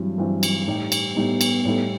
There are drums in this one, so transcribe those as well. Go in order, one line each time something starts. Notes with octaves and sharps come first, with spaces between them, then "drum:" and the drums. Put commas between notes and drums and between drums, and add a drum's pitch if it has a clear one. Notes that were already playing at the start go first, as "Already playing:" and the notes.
Already playing: G2 E3 F#3 G3 C4
G2 E3 G3 C4
drum: cymbal
A2 G3 D#4 G4
drum: cymbal
A2 G3 B3 D#4 G4
drum: cymbal
A2 G3 D#4 A4